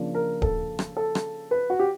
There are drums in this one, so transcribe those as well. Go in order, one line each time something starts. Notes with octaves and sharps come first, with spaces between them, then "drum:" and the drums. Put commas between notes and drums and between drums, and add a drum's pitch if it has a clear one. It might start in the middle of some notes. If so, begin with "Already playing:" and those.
Already playing: C#3 F3 A#3 D4
A#4
A4, drum: kick D1
drum: rim click
A4
drum: rim click
B4
F#4
G4